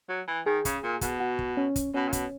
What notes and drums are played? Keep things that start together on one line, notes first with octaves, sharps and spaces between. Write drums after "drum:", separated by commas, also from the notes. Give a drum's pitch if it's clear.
F#3
E3
D#3 G#4
C#3, drum: kick, hi-hat
A#2
B2, drum: kick, hi-hat
F#4
drum: kick
C#4
drum: kick, hi-hat
B2 C#4
A#2
B2, drum: kick, hi-hat